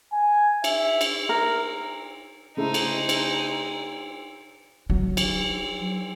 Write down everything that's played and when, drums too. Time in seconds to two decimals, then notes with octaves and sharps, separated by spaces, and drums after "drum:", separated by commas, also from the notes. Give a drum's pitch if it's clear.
0.13 G#5
0.64 E5, drum: cymbal
1.01 drum: cymbal
1.29 A#4
2.57 C#3 A3 D#4 E4 C5
2.74 drum: cymbal
3.09 drum: cymbal
4.90 F#3
5.17 drum: cymbal